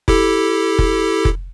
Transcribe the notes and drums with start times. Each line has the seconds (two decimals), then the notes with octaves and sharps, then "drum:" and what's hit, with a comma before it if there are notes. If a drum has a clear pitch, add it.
0.08 E4 G4 A4, drum: kick F1
0.79 drum: kick F1
1.25 drum: kick F1